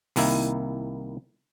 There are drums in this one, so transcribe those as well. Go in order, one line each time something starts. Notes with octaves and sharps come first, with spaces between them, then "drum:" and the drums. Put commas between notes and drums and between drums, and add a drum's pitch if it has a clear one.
C2 D#3 A#3 E4, drum: open hi-hat